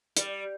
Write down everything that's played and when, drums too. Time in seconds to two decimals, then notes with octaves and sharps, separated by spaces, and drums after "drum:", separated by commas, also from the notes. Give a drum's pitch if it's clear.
0.17 G3, drum: hi-hat